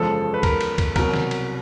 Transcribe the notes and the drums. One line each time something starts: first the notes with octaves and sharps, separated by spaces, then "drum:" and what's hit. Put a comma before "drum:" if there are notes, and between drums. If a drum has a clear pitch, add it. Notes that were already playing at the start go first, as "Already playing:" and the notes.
Already playing: F#1 E2 C#3 F3 G#3 A4
B4
A#4, drum: kick, cymbal
drum: cymbal
drum: kick, cymbal
C2 B2 F#3 A#4, drum: kick, cymbal
drum: snare
drum: cymbal